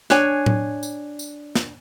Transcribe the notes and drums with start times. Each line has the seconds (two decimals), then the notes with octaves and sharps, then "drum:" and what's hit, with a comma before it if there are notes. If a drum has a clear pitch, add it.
0.10 D4 C#5 G#5, drum: snare
0.46 drum: tom A2
0.83 drum: tambourine
1.19 drum: tambourine
1.55 drum: snare